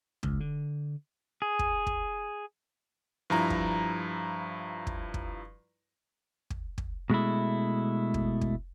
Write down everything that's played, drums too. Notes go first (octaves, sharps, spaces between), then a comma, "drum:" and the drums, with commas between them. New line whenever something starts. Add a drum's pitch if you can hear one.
C#2, drum: kick
D3
G#4
drum: kick
drum: kick
G2 F3 E4 A#5
drum: kick
drum: kick
drum: kick
drum: kick
drum: kick
B2 G#3 A3 E4
drum: kick
drum: kick